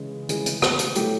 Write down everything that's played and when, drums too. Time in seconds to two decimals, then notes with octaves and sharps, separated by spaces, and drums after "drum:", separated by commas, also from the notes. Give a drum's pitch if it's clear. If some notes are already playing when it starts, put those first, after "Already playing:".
Already playing: C#3 E3 G#3
0.29 C#3 E3 G#3 G#4, drum: hi-hat
0.46 drum: hi-hat
0.62 drum: rim click
0.79 drum: hi-hat
0.95 A2 F#3 A3 G4, drum: hi-hat